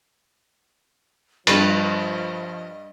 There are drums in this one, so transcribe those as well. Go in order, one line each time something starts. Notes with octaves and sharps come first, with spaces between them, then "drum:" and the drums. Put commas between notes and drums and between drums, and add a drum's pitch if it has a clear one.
G2 F3 B4 D#5 G5 A5, drum: cymbal